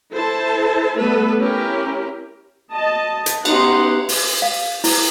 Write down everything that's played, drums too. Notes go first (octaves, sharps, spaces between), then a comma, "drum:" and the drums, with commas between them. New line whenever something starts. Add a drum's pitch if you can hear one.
E4 A4 C5 A5
G3 A3 B3 A4 B4
C#4 E4 G4 A#4
D#5 A5
drum: hi-hat
B3 C#4 D#4 G4 F#5 C6, drum: cymbal
drum: open hi-hat
F5
E4, drum: open hi-hat